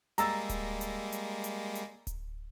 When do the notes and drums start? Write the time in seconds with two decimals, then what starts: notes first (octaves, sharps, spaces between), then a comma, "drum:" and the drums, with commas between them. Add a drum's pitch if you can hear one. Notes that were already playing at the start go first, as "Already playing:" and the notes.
0.18 G3 G#3 A#3 A#5 E6 A6, drum: hi-hat
0.49 drum: kick D1, hi-hat
0.81 drum: hi-hat
1.12 drum: hi-hat
1.44 drum: hi-hat
1.75 drum: hi-hat
2.07 drum: kick D1, hi-hat